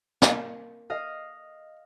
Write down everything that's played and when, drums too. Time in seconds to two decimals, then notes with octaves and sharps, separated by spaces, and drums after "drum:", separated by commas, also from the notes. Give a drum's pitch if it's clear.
0.22 A#3, drum: snare
0.90 D#5 F5